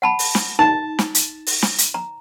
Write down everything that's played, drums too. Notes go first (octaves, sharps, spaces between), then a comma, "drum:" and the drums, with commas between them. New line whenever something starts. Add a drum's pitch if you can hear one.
F#5 A5 B5
drum: open hi-hat
drum: snare
D#4 A5
drum: snare
drum: hi-hat
drum: open hi-hat
drum: snare
drum: hi-hat
A#5